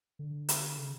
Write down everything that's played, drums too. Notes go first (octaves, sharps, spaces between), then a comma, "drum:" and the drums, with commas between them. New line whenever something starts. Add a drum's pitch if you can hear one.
D3
drum: hi-hat
C#3